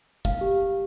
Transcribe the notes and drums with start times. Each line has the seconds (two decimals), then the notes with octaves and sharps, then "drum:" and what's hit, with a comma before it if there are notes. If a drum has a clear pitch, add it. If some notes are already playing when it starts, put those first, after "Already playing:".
0.25 F5, drum: kick
0.41 G4